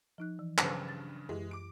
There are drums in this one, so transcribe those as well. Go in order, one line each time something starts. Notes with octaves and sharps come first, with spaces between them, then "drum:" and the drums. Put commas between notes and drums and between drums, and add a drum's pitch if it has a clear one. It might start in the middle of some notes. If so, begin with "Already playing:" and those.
F3 D#4 F#6
E3
G2 C#3 F#3 B4 C5, drum: clap
A6
F#2 E3 G#3 G4
D6 D7